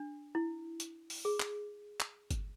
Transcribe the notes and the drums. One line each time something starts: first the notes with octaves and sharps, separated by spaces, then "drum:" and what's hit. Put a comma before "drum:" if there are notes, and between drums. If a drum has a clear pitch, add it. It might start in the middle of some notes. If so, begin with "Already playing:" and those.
Already playing: D4
E4
drum: hi-hat
drum: open hi-hat
G#4
drum: clap
drum: clap
drum: kick G1, hi-hat